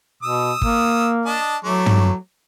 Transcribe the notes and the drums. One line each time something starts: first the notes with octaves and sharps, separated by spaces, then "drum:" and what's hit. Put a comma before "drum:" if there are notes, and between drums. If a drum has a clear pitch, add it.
B2 D#6 E6
A#3, drum: kick
D4 D#5 A5
E3 F#3 A3 D6
drum: tom